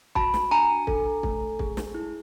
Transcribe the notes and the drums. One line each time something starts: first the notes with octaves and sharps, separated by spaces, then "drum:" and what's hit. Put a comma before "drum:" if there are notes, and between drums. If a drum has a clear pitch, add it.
F#4 A5 B5, drum: kick
drum: snare
D4 G#5 A#5
A4, drum: kick
A3, drum: kick
G#4, drum: kick
drum: snare
E4